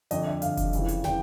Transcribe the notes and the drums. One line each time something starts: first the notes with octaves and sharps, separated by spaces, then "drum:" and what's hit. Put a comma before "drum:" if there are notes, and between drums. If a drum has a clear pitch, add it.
F2 D3 D#5, drum: hi-hat
E5
F2 D3 F5, drum: hi-hat
drum: kick F1, hi-hat
F2 C#3 E3, drum: hi-hat
drum: hi-hat
C#3 E3 G5, drum: snare